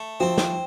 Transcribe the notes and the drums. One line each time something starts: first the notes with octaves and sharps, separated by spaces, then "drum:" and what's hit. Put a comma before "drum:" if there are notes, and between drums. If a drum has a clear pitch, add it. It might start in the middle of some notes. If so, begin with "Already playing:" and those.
Already playing: A3
F3 C4
drum: snare